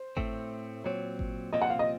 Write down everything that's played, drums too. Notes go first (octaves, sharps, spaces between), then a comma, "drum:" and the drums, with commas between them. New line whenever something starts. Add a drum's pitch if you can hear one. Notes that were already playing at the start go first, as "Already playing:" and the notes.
Already playing: C5
A2 A3 C4, drum: kick G#1
A#2 F#3 C4 C#5
drum: kick G#1
C2 A#2 F3 C4 F4 D#5
F#5
F5
D#5